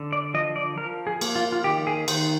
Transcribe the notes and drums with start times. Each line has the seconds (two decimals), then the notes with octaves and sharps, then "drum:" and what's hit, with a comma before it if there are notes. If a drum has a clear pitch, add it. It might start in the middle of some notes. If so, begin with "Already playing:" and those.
Already playing: D3
0.12 D5
0.34 F3 D#5
0.56 D5
0.78 F3 A#4
1.07 G#4
1.21 A#3, drum: cymbal
1.35 F4
1.52 F4
1.64 D#3 G4
1.87 G#4
2.08 D#3 C5, drum: cymbal